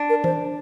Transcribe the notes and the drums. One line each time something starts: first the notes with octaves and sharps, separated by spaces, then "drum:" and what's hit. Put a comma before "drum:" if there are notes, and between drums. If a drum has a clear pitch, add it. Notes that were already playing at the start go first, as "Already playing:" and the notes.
Already playing: D4
A#4
C5, drum: tom